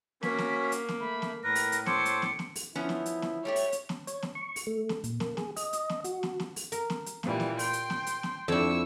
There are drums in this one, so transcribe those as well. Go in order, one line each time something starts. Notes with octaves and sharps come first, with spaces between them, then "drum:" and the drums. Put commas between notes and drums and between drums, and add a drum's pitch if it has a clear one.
A#3 C#4 F#4 C#5 B6, drum: snare
drum: snare
drum: hi-hat
drum: snare
A3 B5
drum: snare
A2 A#4 B4 A#6
drum: open hi-hat
drum: hi-hat
A4 C5 C#5 C6 D6 C#7, drum: snare
drum: hi-hat
drum: snare
drum: snare
drum: open hi-hat
F3 B3 C#4 E4
drum: snare
drum: hi-hat
drum: snare
G3 A3 G4 C#5
drum: open hi-hat
drum: hi-hat
drum: snare
C#5, drum: hi-hat
drum: snare
C#6
drum: open hi-hat
A3
drum: snare
A#2, drum: hi-hat
A#3, drum: snare
G#4, drum: snare
D#5, drum: open hi-hat
drum: hi-hat
drum: snare
F#4, drum: hi-hat
drum: snare
drum: snare
drum: open hi-hat
A#4, drum: hi-hat
drum: snare
drum: hi-hat
A#2 E3 G3, drum: snare
drum: snare
G5 C6, drum: open hi-hat
drum: hi-hat
drum: snare
drum: hi-hat
drum: snare
F2 D4 E4 C#6 E6